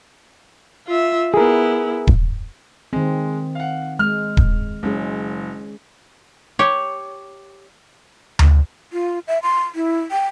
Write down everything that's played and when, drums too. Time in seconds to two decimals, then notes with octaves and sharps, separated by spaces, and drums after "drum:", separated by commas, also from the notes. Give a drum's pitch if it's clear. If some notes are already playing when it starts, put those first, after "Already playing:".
0.87 F4 E5
1.34 B3 E4 G#4 A#4
2.07 drum: kick D#1
2.93 D#3 G#3 C4
3.55 F5 F#5
3.99 G#3 F6
4.37 drum: kick D#1
4.83 F#1 G#3 C#4 G#4
6.59 G4 C#5
8.39 drum: tom D2
8.93 F4
9.28 E5
9.43 C6
9.75 E4
10.11 G5